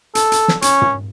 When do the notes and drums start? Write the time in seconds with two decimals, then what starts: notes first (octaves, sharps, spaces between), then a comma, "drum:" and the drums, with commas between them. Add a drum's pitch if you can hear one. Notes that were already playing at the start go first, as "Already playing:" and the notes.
0.15 A4, drum: hi-hat
0.32 drum: hi-hat
0.48 drum: snare
0.62 C#4, drum: hi-hat
0.82 drum: tom